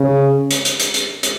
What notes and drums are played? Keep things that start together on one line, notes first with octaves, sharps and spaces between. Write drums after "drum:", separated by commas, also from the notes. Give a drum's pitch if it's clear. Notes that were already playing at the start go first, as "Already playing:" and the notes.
Already playing: C#3
drum: hi-hat
drum: hi-hat
drum: hi-hat
drum: hi-hat
drum: hi-hat